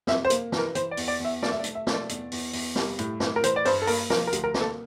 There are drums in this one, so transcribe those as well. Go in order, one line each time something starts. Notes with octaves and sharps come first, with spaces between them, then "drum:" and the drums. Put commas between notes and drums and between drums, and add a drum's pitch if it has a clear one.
F2 E5, drum: snare
C5
A#3, drum: hi-hat
E3, drum: snare
A#4
E3 C5, drum: hi-hat
D5
E2, drum: open hi-hat
D5
E2 E5
A3 D5, drum: snare
E5
D5
A3, drum: hi-hat
E5
A3, drum: snare
D5
E2, drum: hi-hat
E2, drum: open hi-hat
E2, drum: open hi-hat
G3, drum: snare
A2, drum: hi-hat
A2, drum: snare
A#4
E3 C5, drum: hi-hat
D5
G2 C5, drum: open hi-hat
A4
A#3 A#4, drum: open hi-hat
F3 A#4, drum: snare
A#4
D2, drum: hi-hat
A#4
A#3, drum: snare
A4